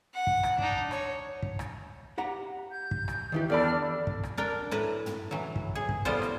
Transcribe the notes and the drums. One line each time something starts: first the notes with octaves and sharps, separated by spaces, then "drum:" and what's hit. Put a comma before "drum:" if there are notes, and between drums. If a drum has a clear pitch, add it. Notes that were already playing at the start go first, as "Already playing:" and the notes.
F#5
drum: kick
drum: rim click
D4 D#4, drum: kick
C#5, drum: rim click
drum: kick
drum: rim click
G4 F#5 A#5
G6
drum: kick
drum: rim click
D#3 E3 G4
E2 D4 A4 D5 B5 F6
drum: kick
drum: rim click
D4 A#4 G5
A2 B4 A#5
drum: tom
E3 F#3
drum: kick
G#4
drum: kick
A2 G3 B3 F4 C5
drum: rim click